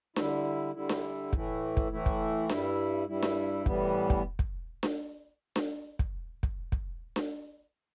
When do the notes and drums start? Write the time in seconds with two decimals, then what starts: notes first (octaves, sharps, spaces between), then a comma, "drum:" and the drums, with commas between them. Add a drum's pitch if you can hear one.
0.16 D3 G3 E4, drum: snare D4
0.75 D3 G3 E4
0.89 drum: snare D4
1.33 A2 E3 A3 E4, drum: kick
1.77 drum: kick
1.92 A2 E3 A3 E4
2.06 drum: kick
2.49 G2 G3 E4, drum: snare D4
3.08 G2 G3 E4
3.22 drum: snare D4
3.66 A2 E3 G3 B3, drum: kick
4.10 drum: kick
4.39 drum: kick
4.83 drum: snare D4
5.56 drum: snare D4
5.99 drum: kick
6.43 drum: kick
6.72 drum: kick
7.16 drum: snare D4